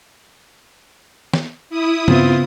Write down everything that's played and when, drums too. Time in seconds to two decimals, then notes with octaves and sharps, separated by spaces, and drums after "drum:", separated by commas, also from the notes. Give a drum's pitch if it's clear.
1.34 drum: snare
1.70 E4 D#6
2.08 C#3 B3 C4 F4, drum: tom G2